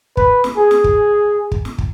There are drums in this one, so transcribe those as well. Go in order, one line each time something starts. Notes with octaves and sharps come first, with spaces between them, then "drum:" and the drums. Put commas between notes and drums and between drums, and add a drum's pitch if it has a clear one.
B4, drum: kick
drum: snare
G#4
drum: snare
drum: kick
drum: kick
drum: snare
drum: kick